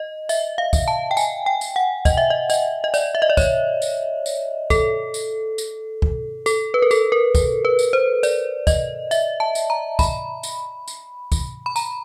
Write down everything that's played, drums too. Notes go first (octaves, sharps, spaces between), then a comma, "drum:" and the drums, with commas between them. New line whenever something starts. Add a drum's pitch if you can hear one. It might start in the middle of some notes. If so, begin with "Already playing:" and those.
Already playing: D#5
E5, drum: tambourine
F5
drum: kick, tambourine
A5
G5
G#5, drum: tambourine
G5
drum: tambourine
F#5
D#5, drum: kick, tambourine
E5
D#5
D#5, drum: tambourine
D#5
D5, drum: tambourine
E5
D#5
D5
C#5, drum: kick, tambourine
drum: tambourine
drum: tambourine
A4, drum: kick, tambourine
drum: tambourine
drum: tambourine
drum: kick
A4, drum: tambourine
B4
A#4
A4, drum: tambourine
A#4
drum: kick, tambourine
B4
drum: tambourine
C5
D5, drum: tambourine
D#5, drum: kick, tambourine
E5, drum: tambourine
A5
drum: tambourine
A#5
B5, drum: kick, tambourine
drum: tambourine
drum: tambourine
drum: kick, tambourine
B5
A#5, drum: tambourine